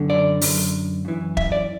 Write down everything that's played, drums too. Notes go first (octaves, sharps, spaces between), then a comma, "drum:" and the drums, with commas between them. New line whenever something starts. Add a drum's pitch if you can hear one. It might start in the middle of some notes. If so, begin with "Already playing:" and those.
Already playing: F#2 D3
D5
F#2 D3, drum: open hi-hat
F#2 E3
E5, drum: kick
D5